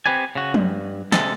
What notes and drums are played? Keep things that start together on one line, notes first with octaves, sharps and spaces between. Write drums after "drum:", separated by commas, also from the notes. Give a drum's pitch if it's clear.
B3 C4 G4 B4 D5 G#5
C#3 F#4
G2, drum: tom F3
D2 C3 G#3 A4, drum: snare